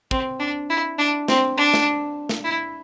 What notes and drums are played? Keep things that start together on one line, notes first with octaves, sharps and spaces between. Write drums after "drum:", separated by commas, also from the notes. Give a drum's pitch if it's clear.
C4, drum: kick
D4
E4
D4
C4, drum: snare
D4
drum: snare
drum: snare
E4